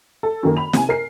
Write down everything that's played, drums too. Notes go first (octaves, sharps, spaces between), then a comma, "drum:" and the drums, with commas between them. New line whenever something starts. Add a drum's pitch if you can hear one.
A4
F#2 D#3 A#3
B5 F7
C3 G#5, drum: snare
A#4 C7